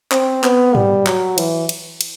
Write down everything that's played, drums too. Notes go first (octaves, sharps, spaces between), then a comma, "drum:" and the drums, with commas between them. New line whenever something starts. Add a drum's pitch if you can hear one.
C4, drum: clap
B3, drum: clap
G3, drum: tom G#2
F#3, drum: clap
E3, drum: cymbal
drum: cymbal
drum: cymbal